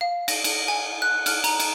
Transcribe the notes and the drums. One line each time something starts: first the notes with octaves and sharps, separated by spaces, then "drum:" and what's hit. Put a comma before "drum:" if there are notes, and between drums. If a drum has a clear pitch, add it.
F5
A#6, drum: cymbal
drum: cymbal
G#5
F#6
F6, drum: cymbal
A#5, drum: cymbal
drum: cymbal